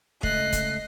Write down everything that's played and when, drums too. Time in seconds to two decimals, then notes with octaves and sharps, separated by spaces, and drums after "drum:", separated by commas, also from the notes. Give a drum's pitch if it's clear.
0.23 C#2 A3 D#5 F#6 C7, drum: kick
0.53 drum: kick, hi-hat